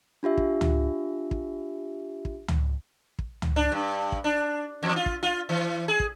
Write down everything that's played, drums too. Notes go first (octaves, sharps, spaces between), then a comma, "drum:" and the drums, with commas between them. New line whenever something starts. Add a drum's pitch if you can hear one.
D4 F4 G4 E5
drum: kick
drum: tom C#2
drum: kick
drum: kick
drum: tom C#2
drum: kick
drum: tom C#2
D4
G2
drum: kick
D4
E2
F4
drum: kick
F4
E3
G#4
drum: kick